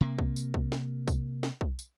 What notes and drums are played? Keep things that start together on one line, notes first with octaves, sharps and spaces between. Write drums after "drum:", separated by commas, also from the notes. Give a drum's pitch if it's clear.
C3 A#3
drum: kick
drum: tambourine
drum: kick
drum: snare
drum: kick, tambourine
drum: snare
drum: kick
drum: tambourine